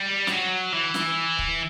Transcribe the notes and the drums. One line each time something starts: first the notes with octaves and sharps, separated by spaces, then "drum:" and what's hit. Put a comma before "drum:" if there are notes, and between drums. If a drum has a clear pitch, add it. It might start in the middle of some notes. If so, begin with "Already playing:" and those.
Already playing: G3
F#3, drum: snare
E3
drum: snare
drum: kick C#1